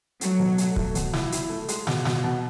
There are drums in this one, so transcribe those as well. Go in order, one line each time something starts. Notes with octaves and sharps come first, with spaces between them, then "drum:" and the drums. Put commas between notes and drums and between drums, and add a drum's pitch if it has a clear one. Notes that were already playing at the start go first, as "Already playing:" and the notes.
F#3 A3, drum: hi-hat
B2
A3, drum: hi-hat
A3, drum: kick C#1
B2, drum: hi-hat
E4, drum: snare
E4, drum: hi-hat
A3
G#3, drum: hi-hat
B2, drum: snare
B2, drum: snare
B2